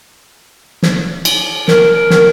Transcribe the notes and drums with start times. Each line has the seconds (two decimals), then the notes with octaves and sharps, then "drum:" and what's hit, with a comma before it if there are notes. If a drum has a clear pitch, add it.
0.83 drum: snare
1.25 drum: cymbal
1.68 A#4, drum: snare
2.10 drum: snare